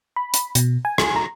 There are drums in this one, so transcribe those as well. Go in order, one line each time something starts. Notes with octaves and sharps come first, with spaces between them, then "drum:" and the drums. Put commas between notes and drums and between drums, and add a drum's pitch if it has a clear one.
B5
drum: hi-hat
B2, drum: hi-hat
G#5
drum: rim click
A#5